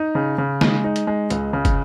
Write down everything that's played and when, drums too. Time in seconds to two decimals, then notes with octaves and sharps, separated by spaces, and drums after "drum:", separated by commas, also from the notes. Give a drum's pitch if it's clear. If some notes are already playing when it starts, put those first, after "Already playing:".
Already playing: D#4
0.15 C#3
0.38 C#3
0.61 G#3, drum: snare
0.84 D#4
0.96 drum: hi-hat
1.07 G#3
1.30 C#2, drum: hi-hat
1.53 C#3
1.65 drum: kick, hi-hat